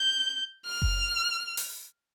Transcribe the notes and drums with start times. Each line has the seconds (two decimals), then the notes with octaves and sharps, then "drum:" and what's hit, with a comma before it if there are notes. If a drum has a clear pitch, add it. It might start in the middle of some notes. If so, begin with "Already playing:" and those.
Already playing: G6
0.66 F6
0.82 drum: kick F#1
1.57 drum: open hi-hat